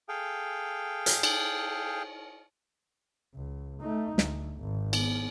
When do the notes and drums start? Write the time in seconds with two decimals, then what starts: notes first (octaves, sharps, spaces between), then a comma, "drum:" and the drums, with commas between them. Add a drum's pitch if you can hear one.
0.09 G#4 A4 F5 G5
1.06 drum: hi-hat
1.23 drum: cymbal
3.34 C#2
3.81 A3 D#4
4.18 D2, drum: snare
4.61 G#1
4.93 B3, drum: cymbal